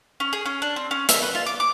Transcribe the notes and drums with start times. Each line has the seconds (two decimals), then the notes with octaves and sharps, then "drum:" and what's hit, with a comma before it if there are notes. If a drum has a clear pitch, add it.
0.20 C#4
0.33 G#4
0.46 C#4
0.62 D4
0.76 C4
0.91 C#4
1.09 E5, drum: hi-hat
1.23 B4
1.35 F4
1.46 D6
1.60 D6